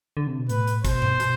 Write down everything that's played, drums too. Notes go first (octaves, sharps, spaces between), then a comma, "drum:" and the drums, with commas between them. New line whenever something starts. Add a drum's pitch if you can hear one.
D3
C3
B2
A2 B4, drum: hi-hat
drum: hi-hat
B2 C5, drum: kick, hi-hat
drum: tom G2
B2, drum: hi-hat